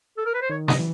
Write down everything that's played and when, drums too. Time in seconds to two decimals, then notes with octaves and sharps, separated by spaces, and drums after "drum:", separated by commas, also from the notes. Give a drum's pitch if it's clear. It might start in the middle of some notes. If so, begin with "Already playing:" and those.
0.18 A4
0.26 A#4
0.34 B4
0.42 C5
0.49 D#3 C#5
0.68 D#5, drum: snare
0.78 E3